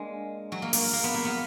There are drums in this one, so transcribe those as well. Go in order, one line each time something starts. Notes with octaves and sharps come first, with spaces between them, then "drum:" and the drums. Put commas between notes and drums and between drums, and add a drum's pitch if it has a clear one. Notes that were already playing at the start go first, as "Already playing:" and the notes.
Already playing: G#3 A#3 D4
F#3
A#3
A#3, drum: open hi-hat
A#3
B3
A#3
B3